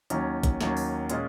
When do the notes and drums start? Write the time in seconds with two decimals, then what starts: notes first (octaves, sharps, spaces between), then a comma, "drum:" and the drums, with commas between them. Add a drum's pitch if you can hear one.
0.10 D#2 D#3 F#3 C#4, drum: hi-hat
0.43 drum: kick G#1, hi-hat
0.61 D#2 D#3 F#3 C#4, drum: snare
0.77 drum: open hi-hat
1.09 A#2 G#3 C#4 F4, drum: hi-hat